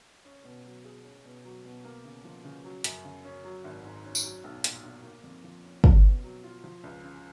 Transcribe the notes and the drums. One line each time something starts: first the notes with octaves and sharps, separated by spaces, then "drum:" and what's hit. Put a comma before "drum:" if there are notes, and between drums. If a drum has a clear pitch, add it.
C#4
B2
F#3
G#4
C#4
B2
F#3
B2
A#3
C#3
F3
C#3
F#3
F#2, drum: hi-hat
C#3
C#4
F#3
G#1
G#2
C#4
drum: tambourine
F#3
B1
A#2, drum: hi-hat
B1
A#3
F2
F3
C#4
C#4, drum: kick
B2
F#3
F4
F3
C#2
C#3